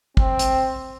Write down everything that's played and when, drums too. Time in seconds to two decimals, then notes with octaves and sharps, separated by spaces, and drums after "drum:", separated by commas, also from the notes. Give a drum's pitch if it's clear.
0.17 C4, drum: kick
0.39 drum: hi-hat